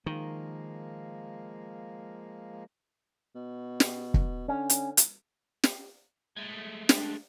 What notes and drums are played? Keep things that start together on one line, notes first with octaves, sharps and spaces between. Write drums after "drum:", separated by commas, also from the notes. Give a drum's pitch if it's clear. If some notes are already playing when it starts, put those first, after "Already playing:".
D#3 F3 G#3 A#3
B2
drum: snare
drum: kick
D3 C#4
drum: hi-hat
drum: hi-hat
drum: snare
G#3 A3
D4, drum: snare